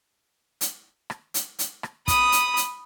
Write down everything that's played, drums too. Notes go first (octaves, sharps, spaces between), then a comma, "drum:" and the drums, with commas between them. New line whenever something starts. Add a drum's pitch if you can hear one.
drum: hi-hat
drum: rim click
drum: hi-hat
drum: hi-hat
drum: rim click
B5 D#6, drum: kick, hi-hat
drum: hi-hat
drum: hi-hat